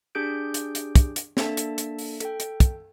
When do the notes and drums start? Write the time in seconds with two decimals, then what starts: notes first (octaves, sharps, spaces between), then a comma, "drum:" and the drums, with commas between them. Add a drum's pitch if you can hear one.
0.15 D4 G4 G#4 G6 D7
0.54 drum: hi-hat
0.75 drum: hi-hat
0.96 drum: kick, hi-hat
1.16 drum: hi-hat
1.37 A#3 D4 A4 E5 A5, drum: snare
1.57 drum: hi-hat
1.78 drum: hi-hat
1.99 drum: open hi-hat
2.20 A4 G5, drum: hi-hat
2.40 drum: hi-hat
2.60 drum: kick, hi-hat